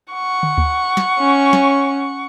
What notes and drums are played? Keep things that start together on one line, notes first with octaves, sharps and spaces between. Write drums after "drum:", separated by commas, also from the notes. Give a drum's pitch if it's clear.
F#5 C#6
drum: tom D3
drum: kick D2
drum: snare
C#4
drum: snare